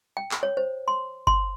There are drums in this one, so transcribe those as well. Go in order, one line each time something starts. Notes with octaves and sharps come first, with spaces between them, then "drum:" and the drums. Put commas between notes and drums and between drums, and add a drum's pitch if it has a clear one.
G5
drum: clap
C#5
C5
C6
C6, drum: kick G1